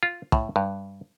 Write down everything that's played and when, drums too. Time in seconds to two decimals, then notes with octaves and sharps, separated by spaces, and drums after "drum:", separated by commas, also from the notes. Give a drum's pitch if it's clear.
0.03 F4
0.32 A2, drum: kick
0.56 G2